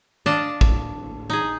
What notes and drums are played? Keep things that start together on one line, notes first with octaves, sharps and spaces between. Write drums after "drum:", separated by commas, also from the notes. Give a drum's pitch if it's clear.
D4 D5 D#5 F5 A5
drum: kick
D#4 G#4